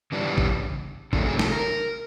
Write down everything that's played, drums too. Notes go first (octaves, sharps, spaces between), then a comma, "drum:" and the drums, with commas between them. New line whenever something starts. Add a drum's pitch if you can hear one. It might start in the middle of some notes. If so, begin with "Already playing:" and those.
C#3 E3 G3 B3 D4
drum: kick
C3 D#3 F#3 A3 D4, drum: kick
G#4
A4, drum: snare
A#4